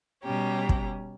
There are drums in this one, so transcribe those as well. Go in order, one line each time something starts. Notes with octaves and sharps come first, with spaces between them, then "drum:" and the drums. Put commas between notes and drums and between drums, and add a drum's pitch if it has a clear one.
B2 G3 C#4 G4 A#5
drum: kick